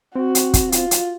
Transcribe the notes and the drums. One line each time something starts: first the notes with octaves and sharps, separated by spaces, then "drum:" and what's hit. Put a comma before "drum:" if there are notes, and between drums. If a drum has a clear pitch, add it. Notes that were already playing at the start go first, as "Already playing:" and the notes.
C4 F#4
drum: hi-hat
drum: kick, hi-hat
F4, drum: hi-hat
drum: hi-hat